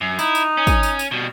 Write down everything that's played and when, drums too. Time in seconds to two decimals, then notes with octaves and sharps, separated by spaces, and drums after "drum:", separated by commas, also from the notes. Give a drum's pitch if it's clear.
0.01 F#2
0.19 D#4 E4, drum: tambourine
0.35 drum: tambourine
0.57 C#4
0.67 drum: kick, tambourine
0.83 drum: tambourine
0.99 drum: tambourine
1.11 B2 G3